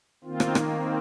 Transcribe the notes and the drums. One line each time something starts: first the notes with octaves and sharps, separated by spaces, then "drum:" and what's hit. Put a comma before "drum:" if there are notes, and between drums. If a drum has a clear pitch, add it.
D#3 A#3 C4 F4
drum: rim click
drum: rim click
C4